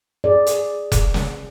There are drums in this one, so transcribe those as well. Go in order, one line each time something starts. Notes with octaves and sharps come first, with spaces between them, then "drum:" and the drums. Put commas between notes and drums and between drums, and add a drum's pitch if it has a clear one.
G#4 D5
drum: hi-hat
drum: kick F1, hi-hat
drum: snare